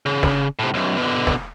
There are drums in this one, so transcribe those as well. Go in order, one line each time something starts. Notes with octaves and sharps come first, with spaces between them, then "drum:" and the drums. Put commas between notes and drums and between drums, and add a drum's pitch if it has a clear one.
C#3
drum: snare
A2 C3
B1 F#2
B2 D3
drum: snare